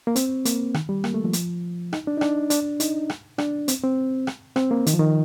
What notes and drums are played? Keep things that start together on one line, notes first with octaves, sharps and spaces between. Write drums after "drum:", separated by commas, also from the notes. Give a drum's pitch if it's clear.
A#3
C4, drum: hi-hat
A#3, drum: hi-hat
D#3, drum: rim click
G3
A#3, drum: rim click
A3
F3
drum: hi-hat
D#4, drum: rim click
D4
D#4
D4, drum: rim click
D4, drum: hi-hat
D#4, drum: hi-hat
drum: rim click
D4, drum: rim click
C4, drum: hi-hat
C4
drum: rim click
C4, drum: rim click
A#3
D#3, drum: hi-hat
F3
D#3